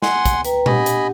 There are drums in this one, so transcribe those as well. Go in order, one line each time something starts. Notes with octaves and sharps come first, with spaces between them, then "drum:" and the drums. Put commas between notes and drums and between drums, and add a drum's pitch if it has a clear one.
F#5 G#5 C6, drum: snare
drum: kick, hi-hat
B4 G5 A#5, drum: hi-hat
D4 G4 D#5 F#5 G#5 B5, drum: tom A#2
drum: hi-hat